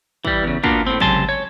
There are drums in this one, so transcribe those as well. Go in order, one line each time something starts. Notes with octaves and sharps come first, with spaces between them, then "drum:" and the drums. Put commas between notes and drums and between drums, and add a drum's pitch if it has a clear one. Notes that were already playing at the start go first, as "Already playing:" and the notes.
E3 G3, drum: kick
E2 C#3
A#3 B3 D4 F4 F#4, drum: kick
A2 C4
C#2 C3 F#3 G#5 A5 C6, drum: kick
C#5